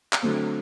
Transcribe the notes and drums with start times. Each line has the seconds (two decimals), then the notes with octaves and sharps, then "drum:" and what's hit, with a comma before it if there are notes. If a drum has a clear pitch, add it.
0.13 drum: clap
0.22 D3 F#3 A3 C4